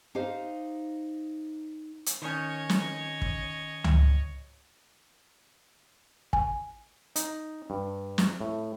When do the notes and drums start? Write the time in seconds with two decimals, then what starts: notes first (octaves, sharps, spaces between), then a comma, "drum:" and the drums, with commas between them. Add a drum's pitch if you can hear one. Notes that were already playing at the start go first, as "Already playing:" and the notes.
0.15 D#4 G4 C5 F5
2.06 drum: hi-hat
2.22 D#3 C#4 C#5 D#5
2.69 drum: snare
3.22 drum: kick
3.84 drum: tom C#2
6.33 G#5, drum: kick
7.16 D#4, drum: hi-hat
7.70 G2
8.18 drum: snare
8.41 A2